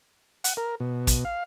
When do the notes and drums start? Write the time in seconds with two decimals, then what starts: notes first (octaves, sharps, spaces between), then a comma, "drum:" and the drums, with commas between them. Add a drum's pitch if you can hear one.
0.44 F#5, drum: hi-hat
0.57 A#4
0.80 B2
1.07 drum: kick, hi-hat
1.25 F5